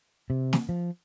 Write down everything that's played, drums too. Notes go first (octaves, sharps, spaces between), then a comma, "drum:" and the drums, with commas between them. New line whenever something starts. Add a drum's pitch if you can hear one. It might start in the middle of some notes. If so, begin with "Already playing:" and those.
C3
drum: snare
F3